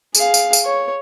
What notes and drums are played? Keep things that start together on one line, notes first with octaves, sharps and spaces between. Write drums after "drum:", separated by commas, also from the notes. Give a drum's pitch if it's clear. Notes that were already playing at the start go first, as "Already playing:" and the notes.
G#4 F5, drum: tambourine
drum: tambourine
drum: tambourine
C#5